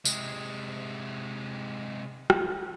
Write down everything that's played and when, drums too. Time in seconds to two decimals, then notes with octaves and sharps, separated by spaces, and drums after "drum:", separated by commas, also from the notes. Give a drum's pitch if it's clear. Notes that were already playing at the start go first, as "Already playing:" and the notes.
0.05 C3 G#3, drum: tambourine
2.30 drum: rim click